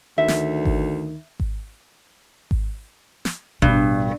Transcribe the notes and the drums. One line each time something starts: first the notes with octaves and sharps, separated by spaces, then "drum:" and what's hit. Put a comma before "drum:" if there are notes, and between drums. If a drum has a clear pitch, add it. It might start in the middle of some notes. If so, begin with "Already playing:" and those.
D2 D#3 E5
drum: snare
drum: kick G#1
drum: kick G#1
drum: kick G#1
drum: snare
A1 G2 B2, drum: kick G#1